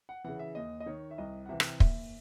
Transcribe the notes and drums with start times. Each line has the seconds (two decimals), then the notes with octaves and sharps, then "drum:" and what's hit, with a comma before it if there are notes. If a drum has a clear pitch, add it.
0.09 F#5
0.24 C#3 E3 F#5
0.39 E5
0.55 D#2 D#5
0.80 D#5
0.86 D#3 C#5
1.11 E5
1.18 C2 D#5
1.46 F#5
1.49 C3 E3 E5
1.60 drum: rim click
1.80 D#2 E5, drum: kick